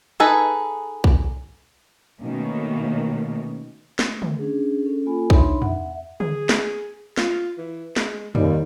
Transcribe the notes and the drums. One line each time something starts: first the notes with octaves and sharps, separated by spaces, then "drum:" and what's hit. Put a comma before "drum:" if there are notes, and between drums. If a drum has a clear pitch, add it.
D#4 G#4 A4 B4
drum: kick B1
B2 D#3 A3 A#3 C#4
A3, drum: snare
drum: tom
C#4 D4 G#4
C#4 A4
A#3 F4 A4 G#5 B5
D4 D#4 C#5 E5 B5 C6, drum: kick B1
E5 F#5, drum: tom
G#4, drum: tom
drum: snare
F4, drum: snare
E3
G#3, drum: snare
D#2 G3, drum: tom